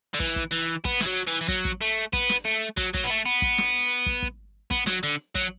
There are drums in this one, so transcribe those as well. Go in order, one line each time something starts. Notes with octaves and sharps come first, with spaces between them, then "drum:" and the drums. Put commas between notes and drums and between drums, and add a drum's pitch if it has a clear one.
D3
E3, drum: kick
drum: kick
E3
B3, drum: kick
E3, drum: snare
F#3
E3
E3
F#3, drum: kick
drum: kick
A3
B3, drum: kick
drum: snare
A3
F#3, drum: kick
F#3, drum: kick
B3
A3
B3
drum: kick
drum: snare
drum: kick
drum: kick
B3, drum: kick
F#3, drum: snare
D3
F#3, drum: kick